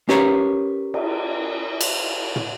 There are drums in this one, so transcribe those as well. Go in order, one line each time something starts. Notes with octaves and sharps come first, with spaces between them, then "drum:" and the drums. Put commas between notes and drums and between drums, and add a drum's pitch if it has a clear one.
C#4 G4 A#4 B4 C#5, drum: snare
drum: cymbal
drum: cymbal
drum: tom